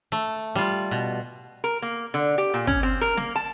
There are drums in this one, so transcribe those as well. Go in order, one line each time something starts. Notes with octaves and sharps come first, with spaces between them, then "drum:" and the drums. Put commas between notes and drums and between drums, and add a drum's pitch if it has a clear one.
A3
G3 F4
B2
A#4
A#3
D3
G4
A#2
C#4, drum: kick
C4
A#4
A#3, drum: snare
A5